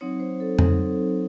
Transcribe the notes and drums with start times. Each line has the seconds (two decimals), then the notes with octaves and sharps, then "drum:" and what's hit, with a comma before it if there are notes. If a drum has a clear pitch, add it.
0.01 F#3 C4 D#4 C#5
0.20 C5
0.40 A4
0.59 F#3 C4 D#4 A4, drum: tom F2